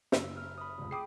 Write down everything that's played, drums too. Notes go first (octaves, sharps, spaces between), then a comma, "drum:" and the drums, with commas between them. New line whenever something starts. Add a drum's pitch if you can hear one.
F#1 E6, drum: snare
F6
B5 D#6
F1 C#2
G#4 G5 B5 D6 D#6 C7